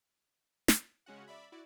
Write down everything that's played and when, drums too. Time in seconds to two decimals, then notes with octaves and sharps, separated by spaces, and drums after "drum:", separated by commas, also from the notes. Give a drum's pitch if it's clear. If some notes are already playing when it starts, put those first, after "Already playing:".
0.68 drum: snare
1.06 C#3 G#3 C#4 F#4 F#5
1.28 D5 E5 B5
1.52 E4 F#4 D5